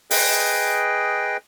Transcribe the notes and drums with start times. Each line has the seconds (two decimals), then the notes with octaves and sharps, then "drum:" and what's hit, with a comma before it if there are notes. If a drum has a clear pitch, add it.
0.11 G#4 B4 D#5 G5, drum: open hi-hat